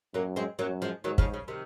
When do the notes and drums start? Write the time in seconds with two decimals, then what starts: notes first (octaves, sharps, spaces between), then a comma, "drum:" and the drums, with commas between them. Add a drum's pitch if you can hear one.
0.14 F#2 F#3 A#3
0.36 G#3 C4
0.59 F#2 F#3 A#3
0.82 F3 G#3
1.04 G#2 D#3 F#3
1.18 C#3 F3, drum: kick
1.34 C#3
1.48 C3 D#3